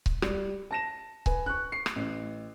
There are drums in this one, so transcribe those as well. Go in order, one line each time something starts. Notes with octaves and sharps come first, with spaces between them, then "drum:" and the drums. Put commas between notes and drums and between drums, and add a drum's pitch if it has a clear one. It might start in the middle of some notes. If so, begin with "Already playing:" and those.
drum: kick C#1
G3, drum: rim click
A5 A#6 E7
B4 G#5, drum: kick C#1
C#6 F#6
C7
drum: rim click
A1